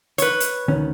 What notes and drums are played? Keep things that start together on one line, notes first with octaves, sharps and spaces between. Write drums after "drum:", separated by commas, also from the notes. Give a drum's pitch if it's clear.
B4 C#5, drum: hi-hat
drum: hi-hat
D2 D#3 C#4